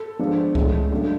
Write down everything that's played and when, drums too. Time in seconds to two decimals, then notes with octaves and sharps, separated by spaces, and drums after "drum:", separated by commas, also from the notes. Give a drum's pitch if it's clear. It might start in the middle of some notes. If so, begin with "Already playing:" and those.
Already playing: A4
0.19 F3 G#3 B3 D4
0.55 A2 G#3 C#4, drum: kick C#2
0.91 C#3 F#3 A3 D4